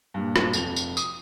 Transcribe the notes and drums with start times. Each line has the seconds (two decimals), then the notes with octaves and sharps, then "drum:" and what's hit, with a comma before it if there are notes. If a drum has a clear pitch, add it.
0.14 G2 A#2
0.36 drum: rim click
0.53 F1 F2 F7 G7, drum: tambourine
0.76 drum: tambourine
0.97 D#6, drum: tambourine